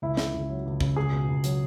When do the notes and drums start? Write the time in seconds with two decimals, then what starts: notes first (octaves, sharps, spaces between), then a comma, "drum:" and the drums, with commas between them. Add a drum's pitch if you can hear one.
0.02 C#2 E4
0.17 C#3, drum: snare
0.34 C#2
0.50 F#3
0.66 C#2
0.80 C#3, drum: kick
0.96 C#2 G#4
1.12 B2
1.28 C#2
1.44 F#3, drum: hi-hat